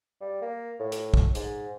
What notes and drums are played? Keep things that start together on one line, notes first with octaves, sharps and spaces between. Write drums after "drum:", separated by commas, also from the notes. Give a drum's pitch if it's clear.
G3
A#3
A2
drum: hi-hat
drum: kick
G#2, drum: hi-hat